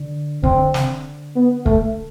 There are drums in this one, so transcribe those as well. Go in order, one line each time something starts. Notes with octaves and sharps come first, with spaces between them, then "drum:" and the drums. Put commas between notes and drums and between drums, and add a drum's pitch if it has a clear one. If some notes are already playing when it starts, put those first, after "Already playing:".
Already playing: D3
D3 C4, drum: kick
drum: snare
B3
A3, drum: kick